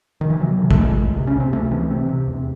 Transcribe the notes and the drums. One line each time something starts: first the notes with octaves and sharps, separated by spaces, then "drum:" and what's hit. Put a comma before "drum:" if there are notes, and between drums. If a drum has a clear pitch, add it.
D#3
E3
C3 F#3
C3
A3, drum: kick
C#2 G#3
C#2
C3
C#4
C3
C4
C#2 A3
C#2 E3
C3 C4
C3
E2